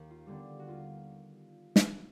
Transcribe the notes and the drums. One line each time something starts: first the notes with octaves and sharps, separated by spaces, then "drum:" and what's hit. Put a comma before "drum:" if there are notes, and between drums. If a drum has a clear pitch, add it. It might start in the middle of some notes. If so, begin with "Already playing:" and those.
Already playing: D#2
F4
D3 G3 B3 D4
F#4
D#2 F4
drum: snare